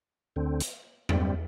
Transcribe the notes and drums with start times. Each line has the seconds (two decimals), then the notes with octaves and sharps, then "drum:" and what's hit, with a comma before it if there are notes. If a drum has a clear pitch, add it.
0.36 D2 D3 C4
0.60 drum: hi-hat
1.09 G2 G3 C4, drum: tom E2